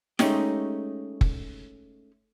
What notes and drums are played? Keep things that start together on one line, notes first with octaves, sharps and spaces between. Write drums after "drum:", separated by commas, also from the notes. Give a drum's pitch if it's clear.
G#3 A3 C#4 D#4 G4, drum: snare
drum: kick F#1